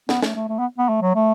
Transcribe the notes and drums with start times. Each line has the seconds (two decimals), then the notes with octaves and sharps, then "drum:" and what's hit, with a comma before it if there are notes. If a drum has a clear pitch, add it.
0.09 B3, drum: snare
0.23 A3, drum: snare
0.35 A3
0.49 A3
0.59 B3
0.78 B3
0.89 A3
1.02 F#3
1.15 A3